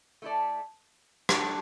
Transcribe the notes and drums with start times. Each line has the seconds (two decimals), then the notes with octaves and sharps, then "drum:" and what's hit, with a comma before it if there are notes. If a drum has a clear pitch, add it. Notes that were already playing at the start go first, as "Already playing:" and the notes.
0.22 A3 E4 A4 D5
1.29 F#3 A3 D4 G4, drum: rim click